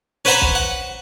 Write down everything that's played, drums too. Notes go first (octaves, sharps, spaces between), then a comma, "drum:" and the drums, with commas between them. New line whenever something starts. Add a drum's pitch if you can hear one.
C#4 B4 C5 F#5 A#5 B5
drum: kick
F#5